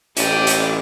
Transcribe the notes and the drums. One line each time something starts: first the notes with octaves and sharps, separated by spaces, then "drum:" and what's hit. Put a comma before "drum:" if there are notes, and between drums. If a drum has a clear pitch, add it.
A1 G4 D5 D#5, drum: hi-hat
drum: hi-hat